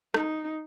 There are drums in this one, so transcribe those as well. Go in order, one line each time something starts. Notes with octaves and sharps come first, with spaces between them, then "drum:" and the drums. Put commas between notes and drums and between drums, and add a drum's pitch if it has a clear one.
D#4, drum: rim click